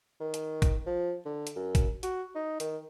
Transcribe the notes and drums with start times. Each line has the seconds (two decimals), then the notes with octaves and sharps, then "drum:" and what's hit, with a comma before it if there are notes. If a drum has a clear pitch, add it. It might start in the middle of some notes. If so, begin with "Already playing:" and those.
0.20 D#3
0.34 drum: hi-hat
0.62 drum: kick, hi-hat
0.86 F3
1.25 D3
1.47 drum: hi-hat
1.56 F#2
1.75 drum: kick, hi-hat
2.03 F#4, drum: hi-hat
2.35 D#4
2.60 D#3, drum: hi-hat